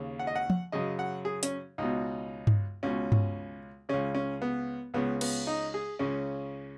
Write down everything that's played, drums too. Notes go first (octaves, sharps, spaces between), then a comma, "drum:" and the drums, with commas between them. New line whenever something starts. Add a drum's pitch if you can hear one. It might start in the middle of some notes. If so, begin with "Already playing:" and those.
Already playing: D#2 C#3
F#5
D#5
F#5
drum: tom F3
F#2 C#3 D#5
F#5
G#4
C#4, drum: hi-hat
C#2 B2 D#4
drum: tom G2
C#2 B2 C#4
drum: tom G2
C#2 C#3 C#4
C#4
B3
C#2 C#3 B3
B3, drum: cymbal
D#4
G#4
C#2 C#3 C#4